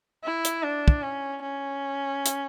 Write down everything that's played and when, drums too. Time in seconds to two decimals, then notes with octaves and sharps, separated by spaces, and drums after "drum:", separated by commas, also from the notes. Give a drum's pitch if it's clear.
0.24 E4
0.45 drum: hi-hat
0.64 D4
0.88 drum: kick
1.03 C#4
1.42 C#4
2.26 drum: hi-hat